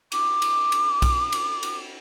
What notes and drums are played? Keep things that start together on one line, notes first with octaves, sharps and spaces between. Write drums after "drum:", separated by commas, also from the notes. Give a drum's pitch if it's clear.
D6, drum: cymbal
drum: cymbal
drum: cymbal
drum: kick B1, cymbal
drum: cymbal
drum: cymbal